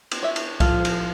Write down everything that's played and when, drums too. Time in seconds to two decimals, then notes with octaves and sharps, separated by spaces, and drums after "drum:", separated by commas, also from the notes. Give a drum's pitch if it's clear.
0.11 drum: cymbal
0.23 C#5 E5
0.36 drum: cymbal
0.60 F3 F4 A4, drum: kick C2, cymbal
0.85 drum: cymbal